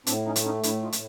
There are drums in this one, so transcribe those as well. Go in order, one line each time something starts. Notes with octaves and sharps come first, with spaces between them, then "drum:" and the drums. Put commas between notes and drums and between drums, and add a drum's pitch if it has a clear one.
A2 C4 D4, drum: hi-hat
C#4 D#4
A3, drum: hi-hat
C#4 D#4
A2 D4 E4, drum: hi-hat
D#4 F4
A2, drum: hi-hat